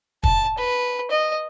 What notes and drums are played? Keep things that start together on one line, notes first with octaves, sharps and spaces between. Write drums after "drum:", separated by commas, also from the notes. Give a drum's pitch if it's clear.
A5, drum: kick
B4
D#5